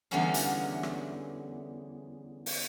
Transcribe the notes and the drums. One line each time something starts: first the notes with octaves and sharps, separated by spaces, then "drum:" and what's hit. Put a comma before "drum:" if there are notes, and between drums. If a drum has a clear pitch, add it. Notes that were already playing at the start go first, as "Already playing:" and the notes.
E2 D3 G3 B3 C#4 F5
drum: hi-hat
drum: rim click
drum: open hi-hat